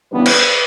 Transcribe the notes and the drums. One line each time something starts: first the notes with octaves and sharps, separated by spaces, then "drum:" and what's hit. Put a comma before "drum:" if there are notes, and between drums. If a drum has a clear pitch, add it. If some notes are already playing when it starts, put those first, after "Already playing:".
C#3 E3 G3 B3 D4 B4
drum: cymbal